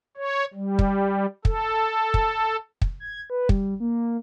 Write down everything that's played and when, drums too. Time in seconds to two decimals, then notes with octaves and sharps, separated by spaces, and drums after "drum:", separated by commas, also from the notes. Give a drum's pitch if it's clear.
0.17 C#5
0.54 G3
0.79 drum: kick
1.45 A4, drum: kick
2.14 drum: kick
2.82 drum: kick
3.00 G#6
3.30 B4
3.49 G3, drum: kick
3.80 A#3